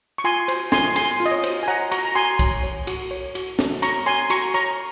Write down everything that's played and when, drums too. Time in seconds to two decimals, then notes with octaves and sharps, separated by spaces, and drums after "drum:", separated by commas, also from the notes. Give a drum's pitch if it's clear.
0.18 C#6
0.24 F4 G#5 C6
0.48 C5, drum: cymbal
0.72 F4 G#5 C6, drum: snare
0.96 G#4 G#5 C6, drum: cymbal
1.20 F4
1.26 D#5
1.32 C#5
1.44 C5, drum: cymbal
1.63 G#5
1.68 C#5 F#5 A#5
1.91 F#4 A#5 C#6, drum: cymbal
2.05 A#5
2.15 F#4 G#5 C6
2.39 C#5, drum: kick C2, cymbal
2.63 C#5
2.87 F#4, drum: cymbal
3.11 C#5
3.35 F#4, drum: cymbal
3.59 F#4, drum: snare
3.82 C#5 A#5 C#6, drum: cymbal
4.06 C#5 G#5 C6
4.30 F#4 A#5 C#6, drum: cymbal
4.54 C#5 A#5 C#6